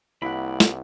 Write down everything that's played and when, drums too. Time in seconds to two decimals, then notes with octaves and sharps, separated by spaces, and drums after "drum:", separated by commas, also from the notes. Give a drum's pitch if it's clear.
0.22 C2 A#3 E4 F#5 B5
0.60 drum: snare